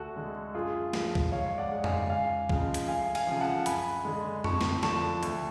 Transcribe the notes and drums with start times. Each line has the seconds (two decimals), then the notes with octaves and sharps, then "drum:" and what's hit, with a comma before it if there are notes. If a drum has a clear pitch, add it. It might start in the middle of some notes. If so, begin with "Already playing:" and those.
Already playing: D2 F#4 A4
0.16 D3 G#3
0.54 F#2 F4 G#4
0.93 D3 F3, drum: snare
1.15 drum: kick
1.32 G#2 C#5 F5
1.58 D5 F#5
1.71 G#3
1.84 F5 G#5, drum: tom F2
2.10 C#2 F5 G#5
2.49 C#3 F3 G#3, drum: kick
2.74 drum: hi-hat
2.88 D2 F5 G#5
3.15 F5 G#5, drum: cymbal
3.27 C#3 F3
3.41 F#5 A5
3.66 F#2 G#5 B5, drum: hi-hat
4.05 D3 G#3
4.44 F2 A5 C#6, drum: tom F2
4.61 drum: snare
4.83 D3 F3 A5 C#6, drum: snare
5.23 D2, drum: hi-hat